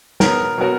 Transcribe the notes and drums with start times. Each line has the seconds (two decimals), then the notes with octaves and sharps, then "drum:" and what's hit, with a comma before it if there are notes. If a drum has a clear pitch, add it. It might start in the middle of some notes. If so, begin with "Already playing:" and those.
0.20 B2 F#3 B3 F#4 A#4, drum: snare
0.58 B2 F#3 B3 F#4 A#4